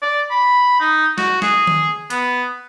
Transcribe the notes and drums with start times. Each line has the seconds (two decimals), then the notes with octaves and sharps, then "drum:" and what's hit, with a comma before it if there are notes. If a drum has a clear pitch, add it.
0.02 D5
0.30 B5
0.80 D#4
1.18 F#4, drum: snare
1.42 G#4, drum: snare
1.67 drum: tom D#3
2.10 B3, drum: hi-hat